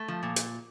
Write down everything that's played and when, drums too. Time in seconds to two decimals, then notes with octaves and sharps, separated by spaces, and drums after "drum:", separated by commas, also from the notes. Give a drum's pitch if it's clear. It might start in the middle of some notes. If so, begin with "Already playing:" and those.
Already playing: A3
0.08 F3
0.23 A#2
0.36 drum: hi-hat